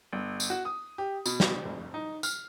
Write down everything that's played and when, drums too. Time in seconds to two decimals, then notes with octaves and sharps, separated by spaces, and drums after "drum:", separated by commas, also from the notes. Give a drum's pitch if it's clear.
0.13 G1
0.40 drum: tambourine
0.50 F#4
0.65 D#6
0.98 G4
1.26 B2, drum: tambourine
1.40 drum: snare
1.65 F1
1.94 D#4
2.23 F6, drum: tambourine